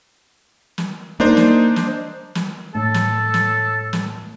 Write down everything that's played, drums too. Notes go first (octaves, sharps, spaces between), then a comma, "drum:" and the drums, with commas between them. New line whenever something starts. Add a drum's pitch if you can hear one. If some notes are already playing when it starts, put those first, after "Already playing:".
drum: snare
A#3 D4 D#4 C5
drum: snare
drum: snare
drum: snare
A2 A4
drum: snare
drum: snare
drum: snare